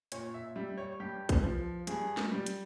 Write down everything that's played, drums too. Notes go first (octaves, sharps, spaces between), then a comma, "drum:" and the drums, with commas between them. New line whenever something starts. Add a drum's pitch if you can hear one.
A#2 C#5, drum: hi-hat
E5
G3 E5
C#5
G2 G4
drum: kick A#1, hi-hat
F3
G2 G#4, drum: hi-hat
drum: snare
G3
drum: hi-hat